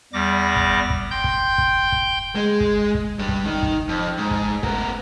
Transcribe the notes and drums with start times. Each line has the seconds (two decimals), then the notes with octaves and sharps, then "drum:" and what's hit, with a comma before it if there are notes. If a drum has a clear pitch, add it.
0.13 E2 G3 D6 A#6
0.56 drum: kick
0.90 drum: kick
1.11 G5 C6 G6
1.24 drum: kick
1.58 drum: kick
1.92 drum: kick
2.35 G#3
2.60 drum: kick
2.94 drum: kick
3.19 G2 G3
3.29 drum: kick
3.46 D#3
3.63 drum: kick
3.89 F2
4.18 G#2
4.31 drum: kick
4.63 B3 A#4, drum: kick